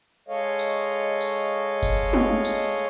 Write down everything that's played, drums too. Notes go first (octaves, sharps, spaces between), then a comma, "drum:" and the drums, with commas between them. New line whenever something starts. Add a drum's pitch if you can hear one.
G#3 A4 C#5 D#5 F5
drum: tambourine
drum: tambourine
drum: kick F#1, tambourine
drum: tom
drum: tambourine